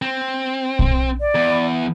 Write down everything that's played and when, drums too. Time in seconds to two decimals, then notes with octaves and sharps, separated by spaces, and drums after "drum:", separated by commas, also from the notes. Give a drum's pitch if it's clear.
0.02 C4
0.79 drum: kick
1.20 D5
1.35 E2